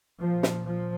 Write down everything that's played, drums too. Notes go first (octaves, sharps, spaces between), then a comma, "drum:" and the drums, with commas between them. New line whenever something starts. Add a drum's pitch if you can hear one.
A#2 F3
drum: snare
F3